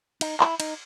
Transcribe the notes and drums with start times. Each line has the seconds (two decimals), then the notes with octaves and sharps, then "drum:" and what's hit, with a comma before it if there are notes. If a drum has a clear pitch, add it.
0.21 D#4, drum: cymbal
0.40 E4, drum: clap
0.60 D#4, drum: cymbal